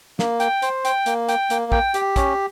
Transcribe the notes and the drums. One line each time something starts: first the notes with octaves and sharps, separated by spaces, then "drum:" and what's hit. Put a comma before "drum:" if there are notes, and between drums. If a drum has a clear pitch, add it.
A#3, drum: snare
G5, drum: hi-hat
C5, drum: hi-hat
G5, drum: hi-hat
A#3, drum: hi-hat
G5, drum: hi-hat
A#3, drum: hi-hat
G5, drum: kick
G4, drum: hi-hat
C#4, drum: kick, hi-hat